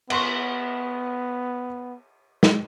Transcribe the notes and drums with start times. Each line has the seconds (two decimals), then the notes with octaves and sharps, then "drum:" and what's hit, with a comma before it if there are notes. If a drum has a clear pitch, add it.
0.10 B3 F#5 C6 C#6, drum: cymbal
2.43 drum: snare